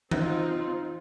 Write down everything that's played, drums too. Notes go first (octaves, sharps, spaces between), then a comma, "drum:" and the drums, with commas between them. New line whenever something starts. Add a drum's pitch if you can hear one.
C4 D#4 F4, drum: tom E3